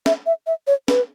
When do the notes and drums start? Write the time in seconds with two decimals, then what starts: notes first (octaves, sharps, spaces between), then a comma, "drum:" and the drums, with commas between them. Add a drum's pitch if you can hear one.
0.06 E5, drum: snare
0.26 E5
0.47 E5
0.67 C#5
0.88 B4, drum: snare